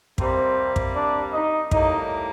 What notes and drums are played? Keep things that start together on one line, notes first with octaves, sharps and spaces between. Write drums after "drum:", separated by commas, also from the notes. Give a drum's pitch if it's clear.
C3 G3 A#3 C4 C5, drum: kick
drum: kick
D4 D5
D#4 D#5
A2 G3 A#3 D#4 D#5, drum: kick